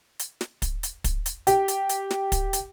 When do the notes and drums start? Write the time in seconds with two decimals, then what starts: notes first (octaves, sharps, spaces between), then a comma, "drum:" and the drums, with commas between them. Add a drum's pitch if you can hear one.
0.19 drum: hi-hat
0.41 drum: snare
0.62 drum: kick, hi-hat
0.83 drum: hi-hat
1.04 drum: kick, hi-hat
1.26 drum: hi-hat
1.47 G4, drum: hi-hat
1.68 drum: hi-hat
1.89 drum: hi-hat
2.11 drum: snare
2.32 drum: kick, hi-hat
2.53 drum: hi-hat